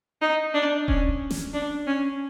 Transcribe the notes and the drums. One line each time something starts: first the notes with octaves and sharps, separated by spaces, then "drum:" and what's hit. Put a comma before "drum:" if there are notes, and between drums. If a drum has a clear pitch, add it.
D#4
D4
C#4, drum: kick D#1
drum: snare
D4
C#4